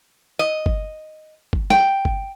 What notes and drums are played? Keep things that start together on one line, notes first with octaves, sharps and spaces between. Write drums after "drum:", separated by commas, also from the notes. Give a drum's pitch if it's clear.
D#5
drum: kick G1
drum: kick G1
G5, drum: snare
drum: kick G1